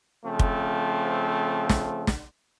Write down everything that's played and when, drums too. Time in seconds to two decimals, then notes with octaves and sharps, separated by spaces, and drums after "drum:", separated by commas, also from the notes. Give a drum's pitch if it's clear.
0.25 C#3 F3 A3 C4
0.39 drum: kick
1.69 drum: snare
2.07 drum: snare